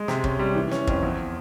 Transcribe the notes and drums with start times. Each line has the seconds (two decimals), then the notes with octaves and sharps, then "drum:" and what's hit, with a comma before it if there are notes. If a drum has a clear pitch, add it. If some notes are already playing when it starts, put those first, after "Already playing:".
Already playing: G#3
0.08 C3, drum: snare
0.24 C#4, drum: kick
0.39 G3
0.55 E3
0.71 C#4, drum: snare
0.87 F2, drum: kick
1.03 E2